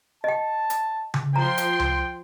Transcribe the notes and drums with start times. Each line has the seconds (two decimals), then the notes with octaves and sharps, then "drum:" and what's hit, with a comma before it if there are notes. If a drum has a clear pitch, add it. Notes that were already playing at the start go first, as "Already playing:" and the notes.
0.24 D#5 G5 A5
0.70 drum: hi-hat
1.14 drum: tom C#3
1.36 F3 G5 A#5 C6
1.58 drum: hi-hat
1.79 drum: tom C#2